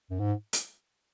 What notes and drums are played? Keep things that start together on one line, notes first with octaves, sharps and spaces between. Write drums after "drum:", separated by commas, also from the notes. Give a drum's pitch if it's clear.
F#2
G#2
drum: hi-hat